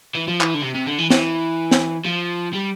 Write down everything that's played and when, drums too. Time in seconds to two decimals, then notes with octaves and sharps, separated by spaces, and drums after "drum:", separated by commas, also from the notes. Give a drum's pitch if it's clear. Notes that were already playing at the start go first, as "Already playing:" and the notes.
0.15 E3
0.28 F3
0.41 E3, drum: clap
0.55 D3
0.62 C3
0.75 C3
0.87 D3
0.98 E3
1.10 E3, drum: snare
1.71 drum: snare
2.06 F3
2.53 G3